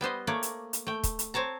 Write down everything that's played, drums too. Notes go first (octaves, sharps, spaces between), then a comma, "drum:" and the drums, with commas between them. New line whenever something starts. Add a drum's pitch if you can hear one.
G3 B3 C5 D#5
A3 A#3 C#5 D5
drum: hi-hat
drum: hi-hat
A3 G5
drum: kick, hi-hat
drum: hi-hat
C4 C#5 A5 A#5